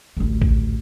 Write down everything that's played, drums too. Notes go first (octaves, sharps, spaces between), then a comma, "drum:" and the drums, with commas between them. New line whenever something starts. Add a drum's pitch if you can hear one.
A1 D2
drum: kick